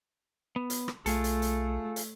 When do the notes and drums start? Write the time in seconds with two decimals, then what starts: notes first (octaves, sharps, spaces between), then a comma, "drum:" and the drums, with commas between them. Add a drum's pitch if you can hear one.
0.56 B3
0.70 drum: hi-hat
0.88 drum: rim click
1.06 B1 A3 F4 G#4 A4, drum: hi-hat
1.24 drum: hi-hat
1.42 drum: hi-hat
1.96 drum: hi-hat